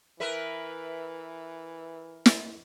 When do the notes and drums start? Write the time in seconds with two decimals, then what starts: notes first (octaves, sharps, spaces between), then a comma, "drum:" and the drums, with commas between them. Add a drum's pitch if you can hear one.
0.20 E3 A#4 B4 E5
2.26 drum: snare